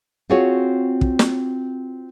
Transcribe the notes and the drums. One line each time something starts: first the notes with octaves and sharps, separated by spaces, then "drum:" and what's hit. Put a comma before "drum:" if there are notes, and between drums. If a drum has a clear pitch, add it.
C4 F4 F#4 G#4 C#5
drum: kick
drum: snare